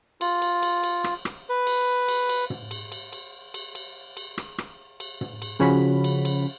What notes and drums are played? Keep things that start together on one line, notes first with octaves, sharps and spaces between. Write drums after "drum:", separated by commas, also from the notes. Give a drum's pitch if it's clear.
F4, drum: cymbal
drum: cymbal
drum: cymbal
drum: cymbal
drum: rim click
drum: rim click
B4
drum: cymbal
drum: cymbal
drum: cymbal
drum: tom
drum: cymbal
drum: cymbal
drum: cymbal
drum: cymbal
drum: cymbal
drum: cymbal
drum: rim click
drum: rim click
drum: cymbal
drum: tom
drum: cymbal
C#3 F3 C#4 F#4 B5
drum: cymbal
drum: cymbal